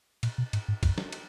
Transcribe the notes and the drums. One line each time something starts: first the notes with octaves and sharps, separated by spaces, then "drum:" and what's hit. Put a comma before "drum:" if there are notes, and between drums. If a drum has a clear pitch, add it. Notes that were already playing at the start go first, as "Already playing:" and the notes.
A#2, drum: cymbal
B2
G#2, drum: cymbal
G#2
F#2, drum: kick, cymbal
drum: snare
drum: cymbal